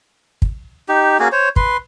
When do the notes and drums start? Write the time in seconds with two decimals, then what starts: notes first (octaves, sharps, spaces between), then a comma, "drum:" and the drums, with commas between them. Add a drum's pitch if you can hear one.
0.42 drum: kick
0.89 D#4 G4
1.20 A#3 C#4 F#4 G#4
1.32 C5 C#5
1.56 B4 C6, drum: kick